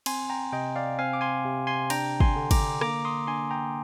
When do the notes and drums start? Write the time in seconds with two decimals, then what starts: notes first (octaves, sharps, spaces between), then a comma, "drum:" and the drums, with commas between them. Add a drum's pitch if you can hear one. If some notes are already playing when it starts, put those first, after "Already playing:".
0.06 C4 G#5 C6, drum: cymbal
0.29 G5 A#5
0.53 C3 D#5 G5
0.76 D5 F5
0.99 C4 F5 G#5
1.13 D6
1.21 G#5 C6
1.45 C3
1.67 G#5 C6
1.90 D4 G5 A#5, drum: cymbal
2.20 G#5 C6, drum: kick
2.36 D3
2.51 A#5 D6, drum: kick, cymbal
2.81 A#3 A#5 D6, drum: rim click
3.05 C6 D#6
3.27 D4 G#5 C6
3.50 G5 A#5